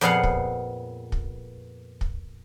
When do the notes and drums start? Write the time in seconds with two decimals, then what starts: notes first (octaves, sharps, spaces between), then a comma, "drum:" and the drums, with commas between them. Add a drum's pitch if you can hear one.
0.01 F2 A#2 B3 G#4 F5 F#5
0.23 drum: kick
1.12 drum: kick
2.01 drum: kick